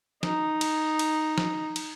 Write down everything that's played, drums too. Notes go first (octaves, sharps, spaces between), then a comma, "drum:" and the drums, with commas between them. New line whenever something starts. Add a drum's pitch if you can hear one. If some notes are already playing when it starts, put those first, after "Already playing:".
D#4, drum: snare
drum: cymbal
drum: cymbal
drum: snare
drum: cymbal